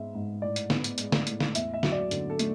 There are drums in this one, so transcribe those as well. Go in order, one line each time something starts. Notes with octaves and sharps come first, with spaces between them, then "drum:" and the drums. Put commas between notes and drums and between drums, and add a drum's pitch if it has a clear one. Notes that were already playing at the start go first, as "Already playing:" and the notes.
Already playing: G#2 G#3 B3 E5
G#2
A2 D5
drum: hi-hat
B3, drum: snare
drum: hi-hat
G#3, drum: hi-hat
drum: snare
A2, drum: hi-hat
drum: snare
E2 E5, drum: hi-hat
E5
F#3, drum: snare
D5
D3, drum: hi-hat
A4
A3, drum: hi-hat